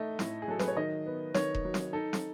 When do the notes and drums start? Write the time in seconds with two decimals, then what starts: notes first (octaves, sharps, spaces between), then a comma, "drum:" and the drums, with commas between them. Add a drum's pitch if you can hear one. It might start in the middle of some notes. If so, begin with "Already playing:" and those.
Already playing: A3 D#4 D#5 E5
0.19 A2, drum: snare
0.42 G#4
0.48 F#3 A4
0.59 B4, drum: snare
0.68 C#5
0.77 D#3 D#5
1.06 B3
1.34 D#3 C#5, drum: snare
1.55 drum: kick E1
1.65 F#3
1.74 drum: snare
1.93 D#4 A4
2.13 drum: snare